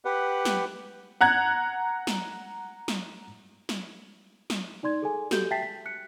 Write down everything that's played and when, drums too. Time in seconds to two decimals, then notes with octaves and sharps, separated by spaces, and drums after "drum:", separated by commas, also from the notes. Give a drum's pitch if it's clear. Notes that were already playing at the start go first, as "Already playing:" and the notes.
0.05 G4 B4 F#5
0.45 drum: snare
1.21 F#5 A#5 F#6 G#6
2.07 drum: snare
2.88 drum: snare
3.69 drum: snare
4.50 drum: snare
4.83 D#4 D5 C6 G#6
5.02 G#4 A4 G#5
5.31 F#4 G4 A4 G6, drum: snare
5.51 E5 G5 A5 A6 B6 C7
5.62 B6
5.86 F#6 C#7